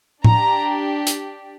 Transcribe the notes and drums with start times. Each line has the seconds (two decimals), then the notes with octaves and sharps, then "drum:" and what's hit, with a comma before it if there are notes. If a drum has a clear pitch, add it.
0.24 D4 G4 A#5, drum: tom A2
1.07 drum: hi-hat